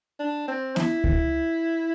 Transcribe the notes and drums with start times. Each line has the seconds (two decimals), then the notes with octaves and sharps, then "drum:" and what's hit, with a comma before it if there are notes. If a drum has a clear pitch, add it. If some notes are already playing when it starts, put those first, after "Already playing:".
0.20 D4
0.48 C4
0.76 E4, drum: snare B3
1.04 drum: kick C#2